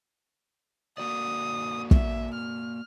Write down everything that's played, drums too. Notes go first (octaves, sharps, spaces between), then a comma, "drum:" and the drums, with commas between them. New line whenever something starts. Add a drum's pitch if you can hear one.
A#3 F#4 D5 D#6
E5, drum: kick
F6